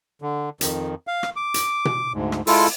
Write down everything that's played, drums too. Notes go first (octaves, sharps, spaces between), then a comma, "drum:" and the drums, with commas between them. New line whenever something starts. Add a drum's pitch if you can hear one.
D3
F2 D#3, drum: hi-hat
F5
drum: rim click
D6
drum: hi-hat
drum: tom B2
D2 G#2
drum: rim click
G#3 E4 F4 A4, drum: open hi-hat